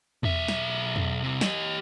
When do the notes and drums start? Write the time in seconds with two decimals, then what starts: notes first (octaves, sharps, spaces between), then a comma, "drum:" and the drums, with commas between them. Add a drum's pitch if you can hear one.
0.23 B1 E5, drum: tom E2
0.48 drum: snare
0.96 drum: tom E2
1.23 C2 C3
1.41 G4 D#5, drum: snare